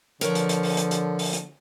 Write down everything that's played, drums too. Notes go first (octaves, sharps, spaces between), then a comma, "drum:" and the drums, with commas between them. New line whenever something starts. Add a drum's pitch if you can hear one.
D3 F3 A#4 B4 C#5, drum: hi-hat
drum: hi-hat
drum: hi-hat
drum: open hi-hat
drum: hi-hat
drum: hi-hat
drum: open hi-hat
drum: hi-hat